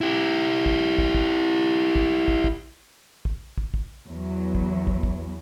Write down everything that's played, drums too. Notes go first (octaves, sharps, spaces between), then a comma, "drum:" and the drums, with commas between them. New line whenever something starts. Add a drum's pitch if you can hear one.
E4 G4
drum: kick
drum: kick
drum: kick
drum: kick
drum: kick
drum: kick
drum: kick
drum: kick
drum: kick
E2 F#3
drum: kick
drum: kick
drum: kick